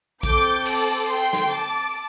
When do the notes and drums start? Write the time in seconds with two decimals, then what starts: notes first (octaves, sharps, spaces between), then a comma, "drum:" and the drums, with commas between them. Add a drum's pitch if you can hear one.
0.23 C4 A4 D6 G6, drum: kick A#1
0.66 A5 D6, drum: cymbal
1.09 G5 C6
1.33 drum: snare
1.51 A5 D6